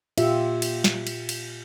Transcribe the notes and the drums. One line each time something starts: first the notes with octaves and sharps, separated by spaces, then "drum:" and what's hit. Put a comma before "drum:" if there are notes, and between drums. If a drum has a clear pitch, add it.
A#2 F4 G4 E5, drum: cymbal
drum: cymbal
drum: snare
drum: cymbal
drum: cymbal